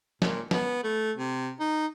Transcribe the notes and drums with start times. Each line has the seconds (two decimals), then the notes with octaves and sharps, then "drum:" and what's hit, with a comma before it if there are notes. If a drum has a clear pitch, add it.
0.22 A#2, drum: snare
0.51 B3, drum: snare
0.84 A3
1.17 C3
1.60 D#4